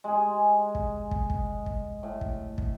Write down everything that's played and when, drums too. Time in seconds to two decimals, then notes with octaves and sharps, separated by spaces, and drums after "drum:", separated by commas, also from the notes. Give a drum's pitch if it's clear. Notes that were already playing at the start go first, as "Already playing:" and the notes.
0.04 G#3 G#4
0.75 drum: kick
1.11 drum: kick
1.30 drum: kick
1.66 drum: kick
2.03 A2
2.21 drum: kick
2.58 drum: kick